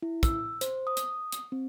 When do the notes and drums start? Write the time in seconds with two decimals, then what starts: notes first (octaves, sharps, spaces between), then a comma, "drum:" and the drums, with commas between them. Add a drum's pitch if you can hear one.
0.02 E4
0.23 E6, drum: kick, hi-hat
0.61 C5, drum: hi-hat
0.87 D#6
0.97 drum: hi-hat
1.32 drum: hi-hat
1.52 C4